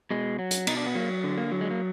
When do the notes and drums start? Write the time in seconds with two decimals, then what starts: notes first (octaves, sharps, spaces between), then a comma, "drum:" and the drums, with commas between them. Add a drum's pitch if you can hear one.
0.11 B2 G#3
0.39 F#3
0.51 drum: hi-hat
0.67 B2 D#4, drum: cymbal
0.77 D4
0.86 B3
0.95 F#3 A#3
1.24 D3
1.38 A#3
1.52 F#3
1.61 G#3
1.70 A#3